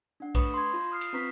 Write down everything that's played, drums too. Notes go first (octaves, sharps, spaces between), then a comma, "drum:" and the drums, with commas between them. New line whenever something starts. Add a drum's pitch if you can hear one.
D4 F#5
A3 B4 C#5 B5 C#6 D#6, drum: kick, cymbal
C6 G#6
F4
D#6 F6 C7
drum: cymbal
C4 F4 B4 A#5 C#6 B6